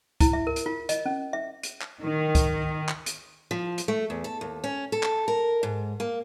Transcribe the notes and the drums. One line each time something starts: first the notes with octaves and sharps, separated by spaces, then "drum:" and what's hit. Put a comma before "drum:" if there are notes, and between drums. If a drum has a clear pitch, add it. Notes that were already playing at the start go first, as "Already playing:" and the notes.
E4, drum: kick, hi-hat
E5
A#4
drum: hi-hat
F4
D#5, drum: hi-hat
C#4
E5
drum: hi-hat
drum: clap
D#3
drum: kick, hi-hat
drum: clap
drum: hi-hat
F3
drum: hi-hat
A3
E2
A4
D#2
C#4
A4
drum: clap
A#4
G#2
A#3